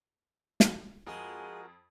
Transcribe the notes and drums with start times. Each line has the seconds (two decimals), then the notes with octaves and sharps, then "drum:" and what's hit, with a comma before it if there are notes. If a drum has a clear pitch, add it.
0.60 drum: snare
1.07 F2 G#3 F4 F#4 G#4 A#4 G#5